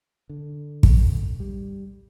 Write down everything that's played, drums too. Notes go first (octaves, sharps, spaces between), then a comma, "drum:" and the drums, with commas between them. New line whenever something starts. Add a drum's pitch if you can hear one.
D3
drum: kick
G3